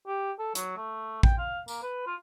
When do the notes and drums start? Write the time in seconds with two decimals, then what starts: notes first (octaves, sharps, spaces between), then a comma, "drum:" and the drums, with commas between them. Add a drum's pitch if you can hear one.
0.07 G4
0.39 A4
0.55 F#3, drum: hi-hat
0.77 A3
1.23 G5, drum: kick A1
1.38 F5
1.68 A#3, drum: tambourine
1.83 B4
2.07 F4